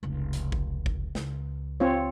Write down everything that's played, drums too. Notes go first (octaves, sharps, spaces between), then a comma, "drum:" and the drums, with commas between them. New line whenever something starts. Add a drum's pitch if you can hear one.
F1 C#2
drum: hi-hat
drum: kick G#1
drum: kick G#1
C#2, drum: snare
C4 F4 C#5